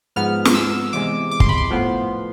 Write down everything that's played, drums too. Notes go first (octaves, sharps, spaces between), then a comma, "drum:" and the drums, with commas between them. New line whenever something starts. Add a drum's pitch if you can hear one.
G#2 F3 B3 F6
drum: snare
E6
E2 C3 G#3 D6
D6
C6, drum: kick G1
B5
C6
A2 F3 B3